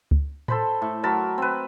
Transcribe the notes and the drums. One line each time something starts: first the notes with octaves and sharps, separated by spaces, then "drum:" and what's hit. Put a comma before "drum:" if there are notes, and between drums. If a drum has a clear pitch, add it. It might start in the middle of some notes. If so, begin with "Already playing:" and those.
drum: kick C#2
A4 C5 B5, drum: tom A2
A2
F#3 A#4 A5 B5
C4 B4